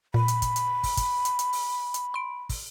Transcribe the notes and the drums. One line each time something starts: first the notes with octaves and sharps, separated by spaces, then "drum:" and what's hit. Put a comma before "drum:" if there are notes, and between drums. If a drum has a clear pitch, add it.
A#2 B5
drum: hi-hat
drum: kick, hi-hat
drum: hi-hat
drum: kick, open hi-hat
drum: kick, hi-hat
drum: hi-hat
drum: hi-hat
drum: open hi-hat
drum: hi-hat
C6 D7
drum: kick, open hi-hat